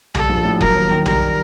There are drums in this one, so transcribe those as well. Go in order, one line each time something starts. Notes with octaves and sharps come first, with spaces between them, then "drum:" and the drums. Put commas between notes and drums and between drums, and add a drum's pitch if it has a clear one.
G3 A4, drum: tom B1
A#1
A2
F#3 A#4, drum: kick F1
D#2
D#3
G3 A#4, drum: tom B1